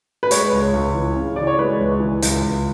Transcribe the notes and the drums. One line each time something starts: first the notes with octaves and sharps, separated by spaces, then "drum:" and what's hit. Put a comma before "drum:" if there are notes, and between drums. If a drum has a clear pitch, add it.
B4
G#3 C#5, drum: hi-hat
C#2
C#2
E3
C#3
E3 D5
C#5
G#3 B4
C#2
E3
C#2, drum: hi-hat
C#2